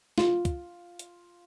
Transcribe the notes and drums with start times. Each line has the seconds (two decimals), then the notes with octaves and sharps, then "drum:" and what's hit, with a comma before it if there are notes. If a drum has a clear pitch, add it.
0.18 F4, drum: snare
0.45 drum: kick, hi-hat
0.99 drum: hi-hat